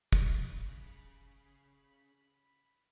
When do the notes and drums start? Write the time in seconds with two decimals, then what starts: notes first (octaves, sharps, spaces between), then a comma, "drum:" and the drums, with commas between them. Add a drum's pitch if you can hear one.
0.13 C#3 B5, drum: kick